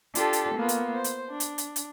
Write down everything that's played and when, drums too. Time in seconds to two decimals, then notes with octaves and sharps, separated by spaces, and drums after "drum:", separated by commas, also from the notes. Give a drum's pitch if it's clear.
0.15 D4 F4 G4 A4, drum: hi-hat
0.33 drum: hi-hat
0.54 A#3 B3 F4
0.69 drum: hi-hat
0.94 C5
1.04 drum: hi-hat
1.29 D4
1.40 drum: hi-hat
1.58 drum: hi-hat
1.76 drum: hi-hat